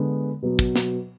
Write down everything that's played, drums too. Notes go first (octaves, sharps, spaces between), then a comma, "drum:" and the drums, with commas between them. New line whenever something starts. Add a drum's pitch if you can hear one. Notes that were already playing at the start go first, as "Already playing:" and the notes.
Already playing: D3 G#3 B3
B2 F#3 B3
drum: kick
drum: snare